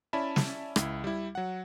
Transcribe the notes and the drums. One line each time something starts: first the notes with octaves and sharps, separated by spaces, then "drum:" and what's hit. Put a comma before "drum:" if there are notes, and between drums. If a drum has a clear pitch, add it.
C#4 E4 D5 E5 A5 B5
drum: snare
C#2 E4, drum: rim click
G3 E4
F#3 F#5